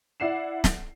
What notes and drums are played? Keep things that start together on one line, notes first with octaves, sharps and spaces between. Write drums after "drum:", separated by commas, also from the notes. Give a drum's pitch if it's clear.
E4 D5 F#5 C7 E7
drum: snare